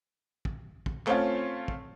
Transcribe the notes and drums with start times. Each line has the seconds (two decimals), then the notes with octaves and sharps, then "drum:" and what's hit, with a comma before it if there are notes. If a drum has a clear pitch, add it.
0.45 drum: kick
0.86 drum: kick
1.07 A3 C4 C#4 F4, drum: clap
1.68 drum: kick